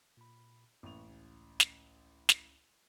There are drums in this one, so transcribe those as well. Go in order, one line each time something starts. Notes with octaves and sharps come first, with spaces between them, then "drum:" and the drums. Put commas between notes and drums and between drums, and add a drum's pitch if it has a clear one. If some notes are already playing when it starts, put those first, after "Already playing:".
A#2 B5
A1 F#2 A#3 C#6 F7
C#2 C#4
drum: snare
drum: snare